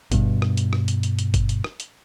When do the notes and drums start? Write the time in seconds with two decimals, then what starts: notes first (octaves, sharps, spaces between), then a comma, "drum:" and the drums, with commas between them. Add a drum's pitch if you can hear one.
0.12 G2 B2, drum: kick G1, hi-hat
0.42 drum: rim click
0.57 drum: hi-hat
0.73 drum: rim click
0.88 drum: hi-hat
1.03 drum: hi-hat
1.19 drum: hi-hat
1.34 drum: kick G1, hi-hat
1.49 drum: hi-hat
1.64 drum: rim click
1.80 drum: hi-hat